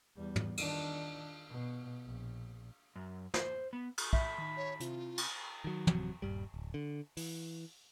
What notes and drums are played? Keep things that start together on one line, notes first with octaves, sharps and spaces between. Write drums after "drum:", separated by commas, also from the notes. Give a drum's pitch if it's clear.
E2 G3
drum: tom
D#3 D4, drum: cymbal
B2
A#1
F#2
C5, drum: snare
B3
drum: cymbal
A2 E5 B5, drum: kick
D#3 D#4
C#5
C3 C4 E4 F4, drum: hi-hat
drum: cymbal
D#3 F#3
D1 C3 F#3, drum: tom
D#1 A#1 G2 G3
D1
D3
E3, drum: open hi-hat